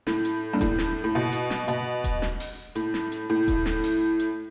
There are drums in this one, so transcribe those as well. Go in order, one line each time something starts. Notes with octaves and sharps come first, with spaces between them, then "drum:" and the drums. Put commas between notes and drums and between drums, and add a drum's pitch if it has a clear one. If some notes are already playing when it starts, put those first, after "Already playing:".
A2, drum: snare
drum: hi-hat
G2
A2, drum: kick D#1, hi-hat
drum: snare
A2
B2
drum: hi-hat
drum: snare
B2, drum: hi-hat
drum: kick D#1, hi-hat
drum: snare
drum: open hi-hat
A2, drum: hi-hat
drum: snare
drum: hi-hat
A2
drum: kick D#1, hi-hat
drum: snare
drum: open hi-hat
drum: hi-hat